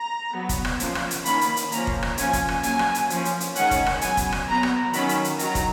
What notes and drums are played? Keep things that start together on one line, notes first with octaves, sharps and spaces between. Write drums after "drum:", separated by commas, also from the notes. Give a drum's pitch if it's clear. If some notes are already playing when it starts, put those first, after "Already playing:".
Already playing: A#5
F#3 B3
drum: kick, hi-hat
drum: rim click
F3 A#3 C#4, drum: hi-hat
drum: rim click
drum: hi-hat
D#3 A#3 C#4 B5, drum: hi-hat
drum: hi-hat
drum: hi-hat
F3 A#3 C#4 A#5, drum: hi-hat
drum: kick
drum: rim click
F3 A#3 C#4 G#5, drum: hi-hat
drum: kick, hi-hat
drum: rim click
F#3 A#3 C#4 G#5, drum: hi-hat
drum: rim click
drum: hi-hat
F3 A#3 C#4, drum: hi-hat
drum: hi-hat
drum: hi-hat
D#3 G#3 C#4 F#5, drum: hi-hat
drum: kick, hi-hat
drum: rim click
F#3 B3 G#5, drum: hi-hat
drum: kick, hi-hat
drum: rim click
F#3 B3 A#5
drum: rim click
D#3 F#3 C#4 B5, drum: hi-hat
drum: hi-hat
drum: hi-hat
D#3 F#3 A#5, drum: hi-hat
drum: kick, hi-hat